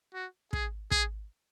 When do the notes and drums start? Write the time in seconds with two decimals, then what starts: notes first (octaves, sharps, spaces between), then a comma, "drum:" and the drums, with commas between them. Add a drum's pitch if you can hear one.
0.14 F#4
0.53 G#4, drum: kick
0.91 G#4, drum: kick